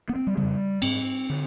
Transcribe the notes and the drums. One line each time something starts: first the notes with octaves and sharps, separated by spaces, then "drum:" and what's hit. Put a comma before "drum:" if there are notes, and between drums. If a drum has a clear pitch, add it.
B3
C4
G3
C#3 G3
F2
G#2 C4, drum: cymbal
D3